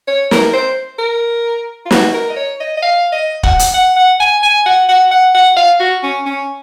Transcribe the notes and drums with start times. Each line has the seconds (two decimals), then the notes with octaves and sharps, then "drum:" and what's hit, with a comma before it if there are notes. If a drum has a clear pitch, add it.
0.07 C#5
0.31 A#4, drum: snare
0.53 C5
0.99 A#4
1.86 F4
1.91 F#4, drum: snare
2.14 A#4
2.30 D#5
2.36 C#5
2.60 D#5
2.77 D#5
2.83 F5
3.12 D#5
3.43 F#5, drum: kick
3.59 drum: hi-hat
3.74 F#5
3.96 F#5
4.20 G#5
4.43 G#5
4.66 F#5
4.89 F#5
5.11 F#5
5.35 F#5
5.56 F5
5.80 F#4
6.03 C#4
6.26 C#4